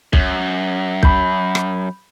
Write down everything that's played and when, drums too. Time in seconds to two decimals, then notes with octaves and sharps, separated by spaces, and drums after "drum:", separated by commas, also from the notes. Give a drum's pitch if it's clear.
0.13 F#2, drum: kick
1.03 B5 G6, drum: kick
1.55 drum: rim click